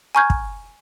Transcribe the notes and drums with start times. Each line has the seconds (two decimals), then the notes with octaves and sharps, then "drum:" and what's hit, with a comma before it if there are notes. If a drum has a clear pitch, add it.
0.15 G#5 A#5 C#6 F6 G6 G#6
0.30 drum: kick